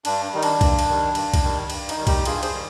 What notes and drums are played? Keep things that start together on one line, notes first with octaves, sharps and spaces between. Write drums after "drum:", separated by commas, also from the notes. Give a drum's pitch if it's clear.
G2 D4, drum: cymbal
D#3 G3 D#4
D4, drum: cymbal
G2, drum: kick C2, cymbal
drum: cymbal
D#3 G3
G2, drum: cymbal
drum: kick C2, cymbal
D#3 G3
G2, drum: cymbal
D#4, drum: cymbal
D#3 G3
D#4 G4, drum: kick C2, cymbal
G2 F4 G#4, drum: cymbal
G#4 C5, drum: cymbal
D#3 G3